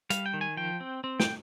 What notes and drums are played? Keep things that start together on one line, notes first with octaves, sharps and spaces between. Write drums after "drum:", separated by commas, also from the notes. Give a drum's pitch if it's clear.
G3 F5, drum: hi-hat
G5
D#3
G#5
F3 G5
C4
C4
G5, drum: snare